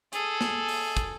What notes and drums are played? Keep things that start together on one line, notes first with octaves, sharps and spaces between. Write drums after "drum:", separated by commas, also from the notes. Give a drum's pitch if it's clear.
G#4 A4, drum: hi-hat
drum: snare
drum: open hi-hat
drum: kick, hi-hat